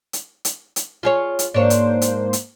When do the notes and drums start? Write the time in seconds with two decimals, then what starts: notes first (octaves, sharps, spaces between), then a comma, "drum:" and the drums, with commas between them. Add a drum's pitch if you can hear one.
0.13 drum: hi-hat
0.45 drum: hi-hat
0.76 drum: hi-hat
1.03 F4 G#4 C#5
1.39 drum: hi-hat
1.54 G#2 A#3 D4 C5 C#5
1.70 drum: hi-hat
2.02 drum: hi-hat
2.33 drum: hi-hat